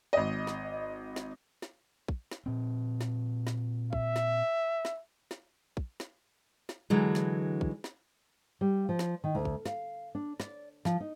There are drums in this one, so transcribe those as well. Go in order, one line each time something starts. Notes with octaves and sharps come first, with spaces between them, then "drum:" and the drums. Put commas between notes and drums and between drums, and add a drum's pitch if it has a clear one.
G#1 D#5
drum: snare
drum: snare
drum: snare
drum: kick
drum: snare
A#2 C4
drum: snare
drum: snare
E5, drum: kick
drum: snare
drum: snare
drum: snare
drum: kick
drum: snare
drum: snare
D3 E3 F#3 G#3
drum: snare
drum: kick
drum: snare
G3
F3
drum: snare
D#3
D2
drum: kick
F5, drum: snare
D4
D5, drum: snare
F3, drum: snare
D#4